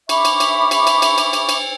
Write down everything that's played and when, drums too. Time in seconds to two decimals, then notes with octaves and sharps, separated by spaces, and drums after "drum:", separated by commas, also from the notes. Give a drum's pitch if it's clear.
0.09 E5 B5 C#6 D6, drum: cymbal
0.25 drum: cymbal
0.40 drum: cymbal
0.71 drum: cymbal
0.87 drum: cymbal
1.02 drum: cymbal
1.18 drum: cymbal
1.33 drum: cymbal
1.49 drum: cymbal